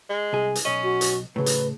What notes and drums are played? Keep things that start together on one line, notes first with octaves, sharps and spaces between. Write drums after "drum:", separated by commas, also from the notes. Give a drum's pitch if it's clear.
G#3
C2 G#4
drum: hi-hat
B1 C#4 D#5
F#4
drum: hi-hat
A2 C#3 F#3 B4
drum: hi-hat